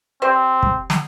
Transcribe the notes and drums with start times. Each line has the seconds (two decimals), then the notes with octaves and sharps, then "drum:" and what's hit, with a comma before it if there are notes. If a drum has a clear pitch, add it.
0.22 C4 G4 C5 D5
0.63 drum: kick
0.90 drum: snare